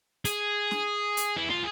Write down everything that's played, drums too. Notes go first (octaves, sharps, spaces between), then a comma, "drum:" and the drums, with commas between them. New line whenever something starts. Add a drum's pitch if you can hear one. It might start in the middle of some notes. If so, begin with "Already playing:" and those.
G#4, drum: hi-hat
drum: snare
drum: hi-hat
E4
F4